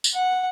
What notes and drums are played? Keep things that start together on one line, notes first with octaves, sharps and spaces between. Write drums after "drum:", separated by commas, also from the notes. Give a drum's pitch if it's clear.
drum: tambourine
F#5